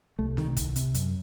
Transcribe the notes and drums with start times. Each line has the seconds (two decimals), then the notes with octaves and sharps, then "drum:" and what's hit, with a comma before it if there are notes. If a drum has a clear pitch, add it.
0.19 C2 A3
0.37 C3 D#3, drum: snare
0.57 C2, drum: kick, hi-hat
0.76 C3, drum: hi-hat
0.94 F#2, drum: hi-hat